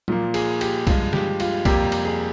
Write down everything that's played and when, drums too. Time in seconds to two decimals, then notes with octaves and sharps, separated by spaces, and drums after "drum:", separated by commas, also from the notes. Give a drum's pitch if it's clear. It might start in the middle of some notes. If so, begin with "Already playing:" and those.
0.08 A#2 F3 A#3, drum: tom F#3
0.34 G#4, drum: cymbal
0.61 G4, drum: cymbal
0.87 G2 F3 G#3 F4, drum: kick B1, cymbal
1.13 G4, drum: snare
1.40 F4, drum: cymbal
1.65 F2 C3 G3 A#3 G4, drum: kick B1, cymbal
1.92 drum: cymbal
2.05 G#4